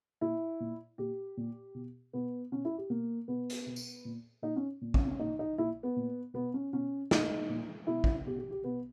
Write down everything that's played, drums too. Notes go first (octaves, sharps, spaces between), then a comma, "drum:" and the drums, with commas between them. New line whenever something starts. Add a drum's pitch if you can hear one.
A#2 E4
A#2
A#2 G4
A#2
B2
B2 B3
B2 C#4
E4
G4
B2 A#3
B2 B3
drum: hi-hat
B2
drum: tambourine
A#2
A#2 D#4
C#4
A#2
C#4, drum: kick A#1
C#4
A#2 D#4
D#4
A#2 E4
B3
A#2
B2 B3
C#4
B2 C#4
A#2 D#4, drum: snare
A#2
B2 E4
drum: kick A#1
B2 G4
G4
G4
B2 B3